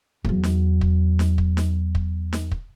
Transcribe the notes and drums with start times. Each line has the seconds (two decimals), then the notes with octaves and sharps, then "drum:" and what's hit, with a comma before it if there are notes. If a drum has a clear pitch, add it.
0.25 E2 F#3, drum: kick
0.43 drum: snare
0.81 drum: kick
1.19 drum: snare
1.38 drum: kick
1.57 drum: snare
1.95 drum: kick
2.33 drum: snare
2.51 drum: kick